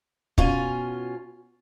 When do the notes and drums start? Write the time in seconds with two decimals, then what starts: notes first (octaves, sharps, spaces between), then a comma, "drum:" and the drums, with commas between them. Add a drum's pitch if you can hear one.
0.38 B2 C#4 F4 G#5, drum: kick